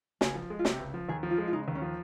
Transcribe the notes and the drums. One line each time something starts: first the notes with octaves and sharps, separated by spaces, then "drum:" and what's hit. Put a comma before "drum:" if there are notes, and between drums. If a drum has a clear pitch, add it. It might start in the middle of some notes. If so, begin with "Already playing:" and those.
C#2 G#4, drum: snare
F3
G#3
F4
C3 G4, drum: snare
C#2
F3
D#2 G#4
F3
F4
G#3
F4
C#3 D#4
D#2
C#4
F3